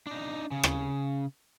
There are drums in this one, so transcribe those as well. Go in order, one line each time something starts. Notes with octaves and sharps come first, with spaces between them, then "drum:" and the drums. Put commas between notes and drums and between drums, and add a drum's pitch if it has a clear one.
D4 D#4
C#3
drum: rim click